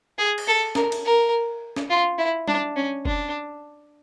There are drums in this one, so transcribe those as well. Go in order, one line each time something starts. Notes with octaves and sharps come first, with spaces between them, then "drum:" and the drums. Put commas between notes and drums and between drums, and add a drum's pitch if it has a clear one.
G#4
drum: cymbal
A4
A#4, drum: snare
drum: cymbal
A#4
drum: snare
F4
E4
D4, drum: tom G3
C#4
D4, drum: kick F1